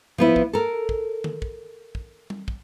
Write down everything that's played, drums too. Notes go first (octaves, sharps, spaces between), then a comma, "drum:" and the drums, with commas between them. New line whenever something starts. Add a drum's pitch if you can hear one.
F3 B3 E4, drum: tom A2
drum: kick
A4 A#4
drum: kick
drum: tom D3
drum: kick
drum: kick
drum: tom G3
drum: kick